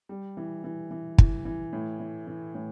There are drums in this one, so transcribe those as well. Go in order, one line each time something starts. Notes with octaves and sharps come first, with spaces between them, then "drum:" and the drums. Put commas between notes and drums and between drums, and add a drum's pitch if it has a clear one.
G3
E3
E3
E3
E3, drum: kick
E3
A2
E3
E3
A2